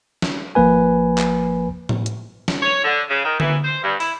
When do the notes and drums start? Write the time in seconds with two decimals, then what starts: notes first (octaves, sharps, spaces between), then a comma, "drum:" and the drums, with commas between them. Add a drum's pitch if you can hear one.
0.22 drum: snare
0.55 G#1 F3 A#3 B4 G#5
1.18 drum: clap
1.89 drum: tom A2
2.06 drum: hi-hat
2.48 drum: snare
2.63 C#5
2.84 D3
3.10 C#3
3.24 D#3
3.40 E3, drum: tom D3
3.64 C5
3.84 G2
4.00 E4, drum: open hi-hat